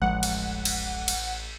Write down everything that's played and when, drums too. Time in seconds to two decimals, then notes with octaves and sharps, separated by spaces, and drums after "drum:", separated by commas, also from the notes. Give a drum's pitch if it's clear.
0.02 D1 A1 F3 G#3 F#5
0.23 drum: cymbal
0.65 drum: cymbal
1.08 drum: cymbal